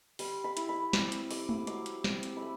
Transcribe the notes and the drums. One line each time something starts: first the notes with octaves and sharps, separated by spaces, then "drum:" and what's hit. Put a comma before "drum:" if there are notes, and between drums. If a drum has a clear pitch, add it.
G3 C6, drum: open hi-hat
B5
E4, drum: hi-hat
B5
C4 D6, drum: snare
drum: hi-hat
G3 D6, drum: open hi-hat
drum: tom G#3
F#3 D6, drum: hi-hat
drum: hi-hat
C4, drum: snare
drum: hi-hat
A3 B5